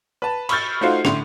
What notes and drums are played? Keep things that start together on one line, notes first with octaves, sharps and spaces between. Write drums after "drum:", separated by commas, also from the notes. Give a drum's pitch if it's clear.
B4 A5
B5 C#6 E6 F6 G6 A6, drum: cymbal
A3 D#4 F4 F#4 C5 F5
A2 D3 C6 F7, drum: rim click